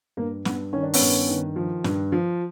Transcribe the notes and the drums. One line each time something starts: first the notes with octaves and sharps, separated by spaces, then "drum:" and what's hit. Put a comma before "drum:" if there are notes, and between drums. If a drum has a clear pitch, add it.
G2 A#3
G2 B3, drum: snare
D#3 C#4
D4
B3 C#4, drum: open hi-hat
G2
D#3
F3
G2, drum: snare
F3